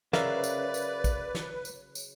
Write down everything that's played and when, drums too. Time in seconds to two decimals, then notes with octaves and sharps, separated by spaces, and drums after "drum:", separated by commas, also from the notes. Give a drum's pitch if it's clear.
0.13 C#3 F#3 A#4 B4 D5 E5 F5, drum: snare
0.44 drum: tambourine
0.74 drum: tambourine
1.04 drum: kick A#1, tambourine
1.35 drum: snare
1.65 drum: tambourine
1.95 drum: tambourine